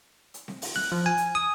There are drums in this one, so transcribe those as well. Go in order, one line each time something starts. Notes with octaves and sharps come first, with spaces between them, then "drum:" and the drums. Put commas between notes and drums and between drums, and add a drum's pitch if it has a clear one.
drum: hi-hat
drum: snare C4
drum: open hi-hat
F#6, drum: snare C4
F3
G#5
drum: hi-hat
D#6